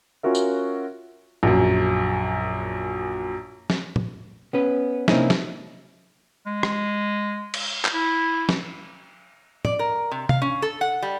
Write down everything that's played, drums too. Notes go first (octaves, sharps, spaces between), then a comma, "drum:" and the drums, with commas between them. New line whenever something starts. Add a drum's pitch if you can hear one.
C#4 F4 F#4 A#4 E5
drum: tambourine
A#1 F#2
drum: snare
drum: tom
B3 C#4 B4
C3 A#3 C4 C#4 D#4 E4, drum: snare
drum: snare
G#3
drum: rim click
drum: cymbal
drum: clap
E4
drum: snare
D5, drum: tom
A#4
C3
F5, drum: tom C3
C#4
A4
F#5
G3